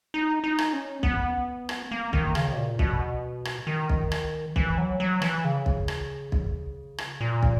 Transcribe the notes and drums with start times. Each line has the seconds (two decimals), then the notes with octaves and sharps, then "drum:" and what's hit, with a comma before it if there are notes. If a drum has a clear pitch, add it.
0.14 D#4
0.44 D#4
0.58 drum: rim click
0.73 C#4
1.03 B3, drum: kick
1.69 drum: rim click
1.91 A#3
2.13 D#3, drum: kick
2.35 C#3, drum: rim click
2.52 B2
2.57 A#2
2.79 B2, drum: kick
3.45 drum: rim click
3.67 D#3
3.89 drum: kick
4.12 drum: rim click
4.56 E3, drum: kick
4.78 F#3
5.00 F#3
5.22 E3, drum: rim click
5.44 C#3
5.66 drum: kick
5.88 drum: rim click
6.32 drum: kick
6.98 drum: rim click
7.21 A#2
7.43 drum: kick